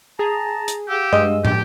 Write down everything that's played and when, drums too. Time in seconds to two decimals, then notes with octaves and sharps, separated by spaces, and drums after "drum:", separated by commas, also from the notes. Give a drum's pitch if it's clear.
0.19 G#4 A5 A#5
0.68 drum: hi-hat
0.89 G4 F5 F#5 E6
1.13 G2 G#3 D#5
1.45 G4, drum: tom